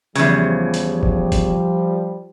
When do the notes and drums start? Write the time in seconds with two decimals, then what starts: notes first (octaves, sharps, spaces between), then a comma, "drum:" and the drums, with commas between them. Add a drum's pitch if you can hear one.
0.16 E2 C#3 F3 G3, drum: hi-hat
0.74 drum: hi-hat
1.03 drum: kick
1.32 drum: kick, hi-hat